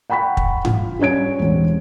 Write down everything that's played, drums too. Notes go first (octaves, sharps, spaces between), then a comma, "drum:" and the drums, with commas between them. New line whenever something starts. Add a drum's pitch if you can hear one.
F#5 G5 B5 C#6 B6
drum: kick
F4, drum: tom G#2
G3 C#4 C#5 G#6 D7
E1 A1 C4